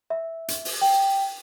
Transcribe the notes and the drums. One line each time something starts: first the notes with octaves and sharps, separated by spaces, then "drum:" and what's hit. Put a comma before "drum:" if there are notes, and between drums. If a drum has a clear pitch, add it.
E5
drum: hi-hat
drum: open hi-hat
G5